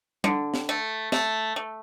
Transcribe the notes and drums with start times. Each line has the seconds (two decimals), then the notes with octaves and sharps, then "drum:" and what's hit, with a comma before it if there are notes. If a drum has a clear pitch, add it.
0.24 D3, drum: tom G3
0.54 drum: snare
0.69 A3
1.12 A3, drum: snare
1.56 A3